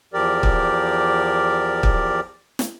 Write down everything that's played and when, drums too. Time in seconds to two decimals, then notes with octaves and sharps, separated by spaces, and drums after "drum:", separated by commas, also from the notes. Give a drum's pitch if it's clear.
0.13 E2 F3 G4 A#4 D5
0.43 drum: kick
1.83 drum: kick
2.59 drum: snare